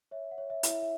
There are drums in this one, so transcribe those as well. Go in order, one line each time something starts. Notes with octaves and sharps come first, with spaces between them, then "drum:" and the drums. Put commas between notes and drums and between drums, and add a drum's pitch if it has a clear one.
C#5 E5
F#5
C#5
E5
E4, drum: hi-hat
E5
E5